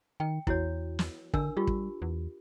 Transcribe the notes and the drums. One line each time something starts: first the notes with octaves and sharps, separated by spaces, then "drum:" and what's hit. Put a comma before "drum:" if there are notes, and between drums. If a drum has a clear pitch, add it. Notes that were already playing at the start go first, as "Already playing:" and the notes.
D#3 G5
E2 E4 F#4 C#5, drum: kick
drum: snare
D3 D4 A#4 E6, drum: kick
G3 F4 G4
drum: kick
E2